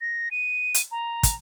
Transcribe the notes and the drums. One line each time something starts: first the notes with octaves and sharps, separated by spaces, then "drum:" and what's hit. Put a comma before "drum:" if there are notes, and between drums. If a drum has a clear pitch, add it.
A#6
D#7
drum: hi-hat
A#5
drum: kick, hi-hat